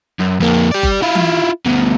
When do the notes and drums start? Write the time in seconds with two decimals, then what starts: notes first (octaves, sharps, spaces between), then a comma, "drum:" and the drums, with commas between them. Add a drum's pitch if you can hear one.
0.20 F#2
0.40 F2 A#3
0.71 G4 D5
0.83 drum: kick F#1
1.02 E4 F4
1.15 drum: tom E3
1.66 D2 B2